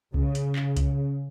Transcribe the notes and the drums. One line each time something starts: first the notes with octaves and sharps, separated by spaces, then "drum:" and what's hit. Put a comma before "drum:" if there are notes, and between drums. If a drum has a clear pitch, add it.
C#3, drum: kick C2
drum: hi-hat
drum: clap
drum: kick C2, hi-hat